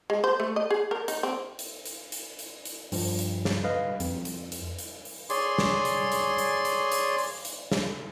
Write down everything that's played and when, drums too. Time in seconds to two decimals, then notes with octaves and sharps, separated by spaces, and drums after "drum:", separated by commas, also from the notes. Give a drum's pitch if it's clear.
0.10 G#3
0.24 C5
0.40 A3
0.56 D#5
0.70 G#4
0.91 A#4
1.08 D#4, drum: hi-hat
1.23 C4
1.59 drum: hi-hat
1.86 drum: hi-hat
2.12 drum: hi-hat
2.39 drum: hi-hat
2.65 drum: hi-hat
2.92 G2 F3, drum: open hi-hat
3.19 drum: hi-hat
3.45 drum: snare
3.64 B4 D#5 F5
4.00 F2, drum: hi-hat
4.25 drum: hi-hat
4.52 drum: hi-hat
4.79 drum: hi-hat
5.05 drum: open hi-hat
5.30 G#4 C#5 D5 G#5 C6, drum: hi-hat
5.58 drum: snare
5.85 drum: hi-hat
6.12 drum: hi-hat
6.38 drum: hi-hat
6.65 drum: hi-hat
6.92 drum: hi-hat
7.18 drum: open hi-hat
7.45 drum: hi-hat
7.72 drum: snare